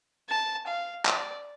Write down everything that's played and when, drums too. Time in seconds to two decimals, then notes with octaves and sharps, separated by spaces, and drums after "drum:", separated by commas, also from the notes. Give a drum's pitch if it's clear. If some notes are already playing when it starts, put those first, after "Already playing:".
0.29 A5
0.67 F5
1.05 D5, drum: clap